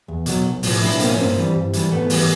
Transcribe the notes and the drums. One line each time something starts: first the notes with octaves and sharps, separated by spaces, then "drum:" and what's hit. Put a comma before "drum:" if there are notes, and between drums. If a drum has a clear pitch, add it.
E2
B2 F#3, drum: hi-hat
B1
A2 F3, drum: open hi-hat
B1 D4 E4
A2 F3 A#3 C4, drum: hi-hat
C#4
G2 A#3 C4
E3 G3
G2
E3 G3, drum: hi-hat
G#2 A3 B3
E3 G3, drum: open hi-hat